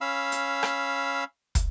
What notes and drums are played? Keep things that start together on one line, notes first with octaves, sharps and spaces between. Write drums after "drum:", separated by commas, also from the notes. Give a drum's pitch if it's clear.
C#4 F5 B5 E6
drum: hi-hat
drum: rim click
drum: kick, hi-hat